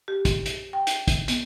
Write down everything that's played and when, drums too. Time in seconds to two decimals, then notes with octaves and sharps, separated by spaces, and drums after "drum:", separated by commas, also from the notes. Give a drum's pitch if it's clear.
0.08 G4
0.25 drum: kick, hi-hat
0.46 drum: hi-hat
0.73 G5
0.87 drum: hi-hat
1.08 drum: kick, hi-hat
1.28 B3, drum: hi-hat